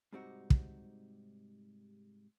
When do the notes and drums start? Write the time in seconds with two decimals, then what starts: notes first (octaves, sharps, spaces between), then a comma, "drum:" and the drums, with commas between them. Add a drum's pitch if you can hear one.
0.13 G#2 C3 G3 C4 D#4 F#4
0.50 drum: kick